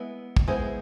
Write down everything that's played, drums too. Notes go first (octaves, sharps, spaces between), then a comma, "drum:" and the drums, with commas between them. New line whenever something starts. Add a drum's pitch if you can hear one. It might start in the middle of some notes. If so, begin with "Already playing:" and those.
Already playing: G#3 B3 E4
drum: kick
G#3 B3 E4 G#4 C5